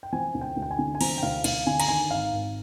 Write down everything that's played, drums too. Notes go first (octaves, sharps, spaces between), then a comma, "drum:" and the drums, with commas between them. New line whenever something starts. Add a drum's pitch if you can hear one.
G5
F3 G#5
D2
G5
D2
G5
G#5
D3
G#5
F3 A#5, drum: cymbal
G5
D2 F5
D2 F5, drum: cymbal
D3 G#5
A#5, drum: cymbal
D#3 G#5
G#1 F5
G#1